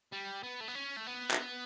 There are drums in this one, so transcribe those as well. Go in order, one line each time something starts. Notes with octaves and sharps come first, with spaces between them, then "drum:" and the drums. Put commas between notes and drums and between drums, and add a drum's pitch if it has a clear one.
G3
B3
A3
B3
C#4
A3
B3
drum: clap